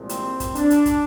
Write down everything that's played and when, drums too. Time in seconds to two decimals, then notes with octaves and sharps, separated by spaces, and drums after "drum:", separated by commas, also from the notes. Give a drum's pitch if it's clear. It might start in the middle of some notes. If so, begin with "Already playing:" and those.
Already playing: C2 A#2 F3 G#3
0.09 C4, drum: hi-hat
0.40 drum: kick, hi-hat
0.55 D4, drum: hi-hat
0.70 drum: hi-hat
0.86 drum: kick, hi-hat